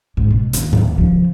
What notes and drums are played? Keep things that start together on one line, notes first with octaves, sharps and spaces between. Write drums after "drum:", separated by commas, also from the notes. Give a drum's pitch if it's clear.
G#2
B2
D#2, drum: hi-hat
drum: tom A2
C#3 F3